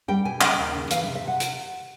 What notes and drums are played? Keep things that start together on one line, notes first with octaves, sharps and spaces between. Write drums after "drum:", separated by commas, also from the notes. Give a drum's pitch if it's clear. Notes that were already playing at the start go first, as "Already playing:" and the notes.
G3 G5
B2 G#5
C#3 G5, drum: clap
D#2
C#3
E3 F5, drum: hi-hat
E5
C3
E5
C3 F#5
drum: hi-hat